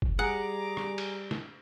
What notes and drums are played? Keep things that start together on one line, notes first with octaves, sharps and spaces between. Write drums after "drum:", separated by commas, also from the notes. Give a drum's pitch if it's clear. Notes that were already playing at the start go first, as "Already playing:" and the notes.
drum: kick
G3 G#4 F#5 A#5 D6
drum: rim click
drum: cymbal
drum: snare